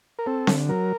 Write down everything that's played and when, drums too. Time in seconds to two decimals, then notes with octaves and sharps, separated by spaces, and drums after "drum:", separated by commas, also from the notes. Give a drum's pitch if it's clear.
0.19 A#4
0.26 C4 A4
0.47 D3, drum: snare C4
0.69 F#3 A#4